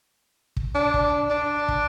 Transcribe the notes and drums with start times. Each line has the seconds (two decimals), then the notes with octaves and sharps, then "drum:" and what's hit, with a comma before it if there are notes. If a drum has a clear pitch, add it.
0.57 drum: kick
0.75 D4
0.94 drum: kick
1.31 D4
1.68 drum: kick